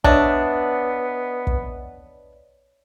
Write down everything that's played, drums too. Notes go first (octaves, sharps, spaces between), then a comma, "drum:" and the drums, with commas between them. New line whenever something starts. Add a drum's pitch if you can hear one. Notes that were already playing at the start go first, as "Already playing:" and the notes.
B3 D4 C#5 D#5 E5, drum: kick
drum: kick